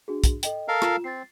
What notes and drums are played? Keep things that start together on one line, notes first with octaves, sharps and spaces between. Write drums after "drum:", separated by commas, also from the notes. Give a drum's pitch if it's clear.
D4 F#4 G#4
drum: kick, hi-hat
A4 D#5 G5, drum: hi-hat
A4 A#4 F5
F4 E7, drum: rim click
C4 A6 C7